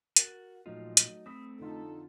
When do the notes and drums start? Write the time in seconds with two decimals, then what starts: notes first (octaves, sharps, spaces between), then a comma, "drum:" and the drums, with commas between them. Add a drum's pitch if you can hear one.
0.16 F#4 A#4 A6, drum: hi-hat
0.66 A#2 F3 F#3 A3 D#4 F4
0.97 drum: hi-hat
1.26 A3 C4 B5 D#6 B6
1.59 F2 D3 D#4 F4 A4